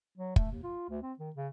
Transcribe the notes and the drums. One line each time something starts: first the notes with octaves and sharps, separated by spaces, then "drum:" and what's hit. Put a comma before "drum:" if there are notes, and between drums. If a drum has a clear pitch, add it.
F#3
A3, drum: kick
D#2
F4
D2
C4
D#3
C#3